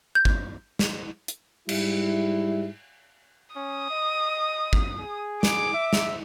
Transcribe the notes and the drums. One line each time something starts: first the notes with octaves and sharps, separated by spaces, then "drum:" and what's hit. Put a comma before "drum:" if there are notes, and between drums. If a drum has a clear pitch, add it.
G6
drum: kick
drum: snare
drum: hi-hat
G#2 G3 E4, drum: cymbal
C#4 D#6
D#5
drum: kick
G#4
D6, drum: snare
E5
drum: snare